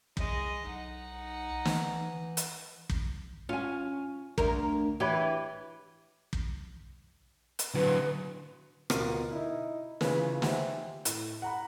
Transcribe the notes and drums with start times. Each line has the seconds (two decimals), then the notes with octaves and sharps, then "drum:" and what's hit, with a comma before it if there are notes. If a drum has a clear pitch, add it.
0.17 C2 G#3 D#5, drum: kick
0.66 B1 D#4 F#5
1.65 E3, drum: snare
2.37 drum: hi-hat
2.90 drum: kick
3.49 C#4 F4 G#5
4.38 D2 A#4, drum: kick
5.00 E3 G4 C#5 B5
6.33 drum: kick
7.59 drum: hi-hat
7.74 D3 F#3 B4
8.90 D1 B2 F4 A#4 D#7, drum: rim click
9.32 D#4 E4
10.01 C#3 E3 F4 B4 C#5, drum: snare
10.42 G4 C5 E5 F#5, drum: snare
11.05 A2, drum: hi-hat
11.42 F#5 A#5 B5